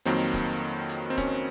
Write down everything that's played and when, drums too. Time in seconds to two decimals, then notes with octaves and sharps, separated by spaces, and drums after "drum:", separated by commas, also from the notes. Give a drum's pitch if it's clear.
0.05 F2 D#3 F#3 A#3 C4, drum: hi-hat
0.34 drum: kick, hi-hat
0.89 drum: hi-hat
1.10 C4
1.18 C#4, drum: kick, hi-hat